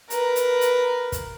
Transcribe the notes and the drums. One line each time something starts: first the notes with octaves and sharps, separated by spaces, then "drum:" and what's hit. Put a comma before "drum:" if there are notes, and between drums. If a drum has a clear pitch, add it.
A#4 B4, drum: hi-hat
drum: hi-hat
drum: hi-hat
drum: kick, hi-hat